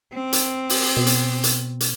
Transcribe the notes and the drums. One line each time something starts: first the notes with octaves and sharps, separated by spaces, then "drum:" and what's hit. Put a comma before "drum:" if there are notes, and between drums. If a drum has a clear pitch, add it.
C4
drum: hi-hat
drum: open hi-hat
B2
drum: hi-hat
drum: hi-hat
drum: hi-hat